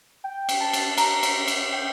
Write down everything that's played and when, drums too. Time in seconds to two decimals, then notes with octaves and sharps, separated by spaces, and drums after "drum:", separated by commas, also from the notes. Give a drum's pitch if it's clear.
0.24 G5
0.49 drum: cymbal
0.61 A5
0.73 drum: cymbal
0.98 A#5, drum: cymbal
1.23 drum: cymbal
1.48 drum: cymbal
1.73 G5